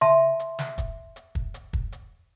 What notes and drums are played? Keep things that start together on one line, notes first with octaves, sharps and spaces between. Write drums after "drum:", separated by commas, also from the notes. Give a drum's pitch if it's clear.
E5 A5 C6, drum: tom C#3
drum: hi-hat
drum: snare
drum: kick, hi-hat
drum: hi-hat
drum: kick
drum: hi-hat
drum: kick
drum: hi-hat